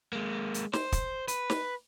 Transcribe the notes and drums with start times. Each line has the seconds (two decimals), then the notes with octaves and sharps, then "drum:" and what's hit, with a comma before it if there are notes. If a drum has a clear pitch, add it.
0.13 G#3 A#3
0.54 drum: hi-hat
0.73 C5, drum: snare
0.92 drum: kick, hi-hat
1.28 B4, drum: hi-hat
1.50 drum: snare